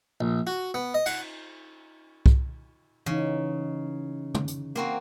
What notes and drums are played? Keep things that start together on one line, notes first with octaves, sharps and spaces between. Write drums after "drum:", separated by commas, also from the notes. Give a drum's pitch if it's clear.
A#1
F#4
B3
D#5
F#5, drum: cymbal
drum: kick C2
C#3 E3 D#4
drum: tom
drum: hi-hat
A#3 C4 F#4